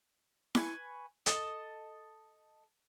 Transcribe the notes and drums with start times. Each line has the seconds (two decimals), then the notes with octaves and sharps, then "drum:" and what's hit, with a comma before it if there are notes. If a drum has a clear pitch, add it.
0.55 B4 G#5 C#6, drum: snare E4
1.26 A4 D#5 A5, drum: hi-hat